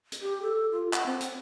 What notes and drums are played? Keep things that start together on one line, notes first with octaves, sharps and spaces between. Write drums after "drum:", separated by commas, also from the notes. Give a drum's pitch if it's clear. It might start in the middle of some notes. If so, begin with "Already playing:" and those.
drum: hi-hat
G4
A4
F4
F#5, drum: clap
C4
drum: hi-hat